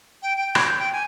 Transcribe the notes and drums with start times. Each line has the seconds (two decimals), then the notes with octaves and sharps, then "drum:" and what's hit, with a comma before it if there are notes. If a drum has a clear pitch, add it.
0.23 G5
0.36 G5
0.55 G#6, drum: rim click
0.66 G6
0.79 G5
0.93 G#5